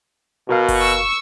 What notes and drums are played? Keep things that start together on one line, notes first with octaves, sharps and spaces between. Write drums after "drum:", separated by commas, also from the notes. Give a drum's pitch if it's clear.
B2 F#4 A#4 F5
drum: kick F#1, open hi-hat
C#6 E6